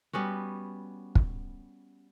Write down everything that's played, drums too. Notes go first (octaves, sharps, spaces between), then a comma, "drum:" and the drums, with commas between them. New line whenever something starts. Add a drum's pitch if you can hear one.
G3 B3 C#4 F#4
drum: kick